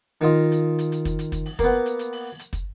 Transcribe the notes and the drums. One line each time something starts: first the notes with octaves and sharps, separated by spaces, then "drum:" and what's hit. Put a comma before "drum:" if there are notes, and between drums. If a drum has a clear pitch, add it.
D#3 F4 D#5
drum: hi-hat
drum: hi-hat
drum: hi-hat
drum: kick, hi-hat
drum: hi-hat
drum: kick, hi-hat
drum: open hi-hat
A#3 B3, drum: kick, hi-hat
drum: hi-hat
drum: hi-hat
drum: open hi-hat
drum: hi-hat
drum: kick, hi-hat